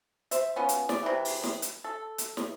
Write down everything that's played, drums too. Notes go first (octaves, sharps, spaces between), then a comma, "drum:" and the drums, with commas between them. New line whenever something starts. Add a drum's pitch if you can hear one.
C5 E5, drum: hi-hat
B3 C#4 F4
drum: hi-hat
D5, drum: snare
C3 E3
drum: open hi-hat
drum: snare
drum: hi-hat
A4
drum: hi-hat
drum: snare